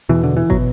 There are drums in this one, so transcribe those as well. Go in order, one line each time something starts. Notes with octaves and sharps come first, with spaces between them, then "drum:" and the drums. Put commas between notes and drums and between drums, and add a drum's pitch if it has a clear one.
E2 B2 E3
D3
E3
B2 F#3, drum: kick